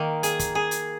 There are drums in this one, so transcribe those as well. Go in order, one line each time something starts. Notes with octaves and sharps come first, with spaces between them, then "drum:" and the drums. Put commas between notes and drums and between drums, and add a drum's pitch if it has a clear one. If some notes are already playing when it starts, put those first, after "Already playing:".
Already playing: D#3 A#3
G#4, drum: hi-hat
drum: kick, hi-hat
G#4
drum: hi-hat